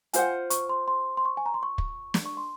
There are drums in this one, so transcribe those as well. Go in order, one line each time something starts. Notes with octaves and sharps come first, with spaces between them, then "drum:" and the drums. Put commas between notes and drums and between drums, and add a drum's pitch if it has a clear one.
F4 C5 F#5 G#5, drum: hi-hat
C#6, drum: hi-hat
C6
C6
C6
C#6
G#5
A#5
C6
C#6
drum: kick
drum: snare
C#6
C6